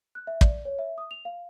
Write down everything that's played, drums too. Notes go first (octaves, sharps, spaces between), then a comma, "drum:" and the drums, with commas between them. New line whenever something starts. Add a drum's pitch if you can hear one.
F#6
E5
D5, drum: kick
C#5
E5
D#6
F7
F5